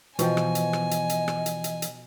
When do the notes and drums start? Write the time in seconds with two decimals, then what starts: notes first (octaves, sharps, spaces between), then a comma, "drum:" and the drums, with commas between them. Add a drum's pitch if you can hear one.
0.19 B2 E3 F3 D#5 G5 G#5, drum: hi-hat
0.37 drum: rim click
0.55 drum: hi-hat
0.73 drum: rim click
0.91 drum: hi-hat
1.09 drum: hi-hat
1.28 drum: rim click
1.46 drum: hi-hat
1.64 drum: hi-hat
1.82 drum: hi-hat